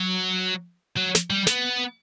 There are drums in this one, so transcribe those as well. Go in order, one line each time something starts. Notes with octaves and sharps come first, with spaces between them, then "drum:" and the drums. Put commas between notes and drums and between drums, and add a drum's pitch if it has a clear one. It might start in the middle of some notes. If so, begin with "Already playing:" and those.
Already playing: F#3
F#3
drum: snare
G3
B3, drum: snare